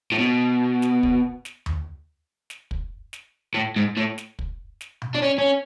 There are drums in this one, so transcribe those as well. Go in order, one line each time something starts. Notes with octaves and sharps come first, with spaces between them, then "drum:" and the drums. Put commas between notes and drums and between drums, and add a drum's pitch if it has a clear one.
A2
B2
drum: snare
drum: kick
drum: snare
drum: tom D#2
drum: snare
drum: kick
drum: snare
A2
G#2
A2
drum: snare
drum: kick
drum: snare
drum: tom B2
D4
C#4
C#4